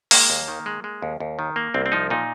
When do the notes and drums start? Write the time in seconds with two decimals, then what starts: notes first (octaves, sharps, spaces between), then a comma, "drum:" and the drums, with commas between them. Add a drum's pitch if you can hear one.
0.11 G#3 A#3, drum: open hi-hat
0.30 D#2
0.48 D#3
0.66 G#3
0.84 G#3
1.02 D#2
1.20 D#2
1.39 D#3
1.56 A#3
1.74 C2 C4
1.86 C4
1.92 F3 D#4
2.10 A#2 D#4